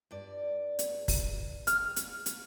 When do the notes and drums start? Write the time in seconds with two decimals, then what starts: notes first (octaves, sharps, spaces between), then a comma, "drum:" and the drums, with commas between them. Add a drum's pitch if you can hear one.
0.11 G2 D5
0.79 drum: hi-hat
1.08 drum: kick, open hi-hat
1.67 F6, drum: hi-hat
1.96 drum: hi-hat
2.26 drum: hi-hat